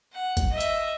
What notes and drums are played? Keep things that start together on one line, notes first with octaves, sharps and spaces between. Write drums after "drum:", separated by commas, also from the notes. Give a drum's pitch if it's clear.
F#5
drum: kick, hi-hat
D#5 E5
drum: hi-hat